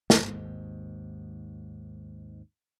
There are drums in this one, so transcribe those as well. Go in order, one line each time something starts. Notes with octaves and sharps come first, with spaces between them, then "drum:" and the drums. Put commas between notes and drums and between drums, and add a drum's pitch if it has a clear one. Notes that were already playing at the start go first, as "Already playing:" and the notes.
G#1 D#2 G#2, drum: snare